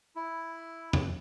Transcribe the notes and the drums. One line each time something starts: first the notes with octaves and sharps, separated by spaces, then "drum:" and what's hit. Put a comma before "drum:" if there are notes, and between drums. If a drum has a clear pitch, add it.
E4
drum: tom E2